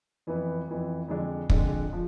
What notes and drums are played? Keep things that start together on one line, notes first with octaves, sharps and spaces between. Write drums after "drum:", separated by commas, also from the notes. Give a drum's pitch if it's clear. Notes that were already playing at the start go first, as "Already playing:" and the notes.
F2 E3 B3
F2 E3 B3
F2 D3 G#3 D4
F2 D3 G#3 D4, drum: kick
F3